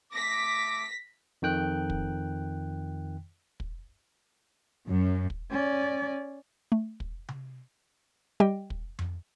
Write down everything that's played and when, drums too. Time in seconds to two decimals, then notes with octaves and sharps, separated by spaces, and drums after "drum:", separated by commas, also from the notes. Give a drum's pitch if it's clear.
0.12 A3 D6 A#6 B6
1.42 F2 D#3 G5 F#6
1.90 drum: kick
3.60 drum: kick
4.87 F#2
5.30 drum: kick
5.51 C#4 D5
6.72 A3
7.00 drum: kick
7.28 drum: tom C3
8.40 G3 G4 D#5 G5
8.70 drum: kick
8.99 drum: tom F2